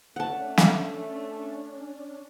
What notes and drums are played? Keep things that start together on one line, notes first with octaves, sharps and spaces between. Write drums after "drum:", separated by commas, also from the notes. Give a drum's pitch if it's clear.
A3 C#4 D4 F#5 A5
drum: snare